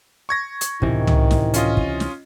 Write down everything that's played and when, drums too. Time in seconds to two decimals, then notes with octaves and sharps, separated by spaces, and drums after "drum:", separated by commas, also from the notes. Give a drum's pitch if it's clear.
0.29 C#6 G#6 A#6
0.61 drum: hi-hat
0.82 C#2 A2 C3 D#3 E3, drum: kick
1.07 drum: tom
1.31 drum: snare
1.54 C#4 F4 D#5, drum: hi-hat
1.77 drum: kick
2.00 drum: snare